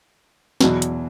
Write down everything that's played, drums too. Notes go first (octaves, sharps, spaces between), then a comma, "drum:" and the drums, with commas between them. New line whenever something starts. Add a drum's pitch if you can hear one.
E2 B2 F#3, drum: snare
drum: hi-hat